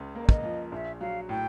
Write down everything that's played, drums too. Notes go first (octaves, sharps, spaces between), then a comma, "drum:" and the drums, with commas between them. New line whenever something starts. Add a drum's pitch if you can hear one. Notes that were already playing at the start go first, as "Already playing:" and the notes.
Already playing: C#2 C#3
A#3
D5
D#5, drum: kick
F3
A#1 E5
F#3 F5
A2 G5